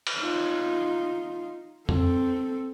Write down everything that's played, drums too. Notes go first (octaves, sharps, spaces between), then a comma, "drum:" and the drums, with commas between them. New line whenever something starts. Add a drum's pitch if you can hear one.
drum: cymbal
D#4 F4
C4 A4, drum: tom F2